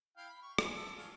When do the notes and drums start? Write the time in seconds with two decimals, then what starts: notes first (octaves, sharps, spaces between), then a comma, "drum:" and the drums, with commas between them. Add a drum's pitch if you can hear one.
0.17 E4 F5 G5
0.29 B5
0.42 C#6
0.58 G#4, drum: rim click
0.76 A4
0.97 C#4 F4